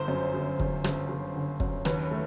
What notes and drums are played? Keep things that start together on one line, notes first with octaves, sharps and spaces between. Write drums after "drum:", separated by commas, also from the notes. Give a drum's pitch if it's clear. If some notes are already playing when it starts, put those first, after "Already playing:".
Already playing: G1 C5
F#2
G1
G1, drum: kick
G1, drum: rim click
G1
D3
F#2, drum: kick
D#2 B4, drum: rim click
A3